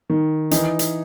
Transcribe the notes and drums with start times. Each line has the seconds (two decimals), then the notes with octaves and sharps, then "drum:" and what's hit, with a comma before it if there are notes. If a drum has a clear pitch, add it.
0.10 D#3
0.51 E3 D#4, drum: hi-hat
0.79 drum: hi-hat